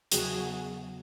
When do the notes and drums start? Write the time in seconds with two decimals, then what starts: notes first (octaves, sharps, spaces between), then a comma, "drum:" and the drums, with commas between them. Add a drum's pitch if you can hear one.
0.12 E2 C#3 F#3 B3 F#4 G#4, drum: hi-hat